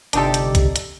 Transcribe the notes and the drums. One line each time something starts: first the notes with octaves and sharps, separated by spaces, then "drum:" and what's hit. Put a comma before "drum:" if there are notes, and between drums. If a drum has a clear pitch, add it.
G1 C3 D4 D#4 G4 A4, drum: hi-hat
drum: hi-hat
drum: kick B1, hi-hat
drum: hi-hat